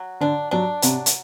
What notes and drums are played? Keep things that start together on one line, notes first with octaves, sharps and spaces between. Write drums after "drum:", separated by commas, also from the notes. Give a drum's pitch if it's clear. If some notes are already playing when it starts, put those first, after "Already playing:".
Already playing: F#3
D3 D4
F#3 D4
C3 F#3, drum: hi-hat
drum: hi-hat